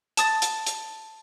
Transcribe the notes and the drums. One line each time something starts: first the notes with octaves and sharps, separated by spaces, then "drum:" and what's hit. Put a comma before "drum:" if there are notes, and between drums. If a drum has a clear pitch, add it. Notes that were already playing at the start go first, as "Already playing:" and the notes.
A5 D#6 A6, drum: hi-hat
drum: hi-hat
drum: hi-hat